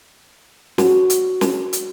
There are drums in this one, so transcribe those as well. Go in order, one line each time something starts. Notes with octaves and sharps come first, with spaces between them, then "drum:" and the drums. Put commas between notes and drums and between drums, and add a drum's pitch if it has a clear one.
F#4, drum: snare
drum: hi-hat
drum: snare
drum: hi-hat